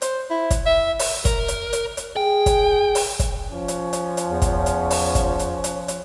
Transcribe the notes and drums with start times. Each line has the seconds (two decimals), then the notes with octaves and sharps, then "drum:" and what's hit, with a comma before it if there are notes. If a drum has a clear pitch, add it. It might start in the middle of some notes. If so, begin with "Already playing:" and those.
0.02 C5, drum: hi-hat
0.30 E4
0.51 drum: kick, hi-hat
0.66 E5
0.99 drum: open hi-hat
1.25 A#4, drum: kick, hi-hat
1.48 drum: hi-hat
1.73 drum: hi-hat
1.97 drum: hi-hat
2.16 G#4 G5
2.46 drum: kick, hi-hat
2.95 drum: open hi-hat
3.19 drum: kick, hi-hat
3.52 F3 C#4
3.68 drum: hi-hat
3.93 drum: hi-hat
4.17 drum: hi-hat
4.29 E2
4.42 drum: kick, hi-hat
4.66 drum: hi-hat
4.91 drum: open hi-hat
5.15 drum: kick, hi-hat
5.39 drum: hi-hat
5.64 drum: hi-hat
5.88 drum: hi-hat